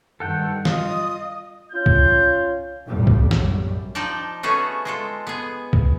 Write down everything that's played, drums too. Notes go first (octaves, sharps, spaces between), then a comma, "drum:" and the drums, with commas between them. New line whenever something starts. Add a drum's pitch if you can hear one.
G2 D#3 A4 F#5 G5
F4 D#5 D#6, drum: snare
C#4 F4 G6
drum: kick C2
B1 F2 A2 G3
drum: kick C2
F#2 G3, drum: snare
F3 D#4 D5 G5 A5
A3 B3 C#4 F#4 G#4 A4
G#3 F4 A4
B3 G#4
drum: kick C2